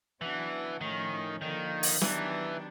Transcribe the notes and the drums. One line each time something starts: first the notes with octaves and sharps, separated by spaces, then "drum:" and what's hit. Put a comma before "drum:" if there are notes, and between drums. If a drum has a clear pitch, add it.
C#3 E3 F#3 B3 D4 F#4
A2 D#3 F3 A3 C#4
D3 D#3 F3 A#3
drum: open hi-hat
D#3 E3 F#3 B3 D4 G4, drum: snare